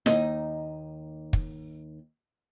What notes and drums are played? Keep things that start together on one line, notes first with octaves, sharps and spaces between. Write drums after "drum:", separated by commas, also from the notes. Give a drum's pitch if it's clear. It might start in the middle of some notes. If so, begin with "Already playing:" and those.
D#2 D#4, drum: snare
drum: kick